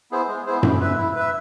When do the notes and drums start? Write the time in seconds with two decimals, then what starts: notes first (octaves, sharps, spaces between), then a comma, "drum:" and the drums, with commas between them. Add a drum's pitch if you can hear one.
0.11 B3 E4 G#4 C5
0.28 G#3
0.47 B3 E4 G#4 C5
0.63 E4, drum: tom F#2
0.81 B4 E5
0.98 E4
1.16 B4 E5